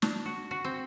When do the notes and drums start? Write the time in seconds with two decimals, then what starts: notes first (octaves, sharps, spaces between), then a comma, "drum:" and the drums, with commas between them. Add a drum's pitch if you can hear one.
0.02 D4, drum: snare
0.25 F#4
0.51 F#4
0.64 C4